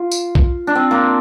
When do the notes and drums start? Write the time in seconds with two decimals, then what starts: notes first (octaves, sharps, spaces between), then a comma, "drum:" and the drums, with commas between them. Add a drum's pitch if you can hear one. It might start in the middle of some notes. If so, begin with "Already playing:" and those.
Already playing: F4
0.11 drum: tambourine
0.35 drum: kick B1
0.67 D4
0.75 C4
0.91 A#3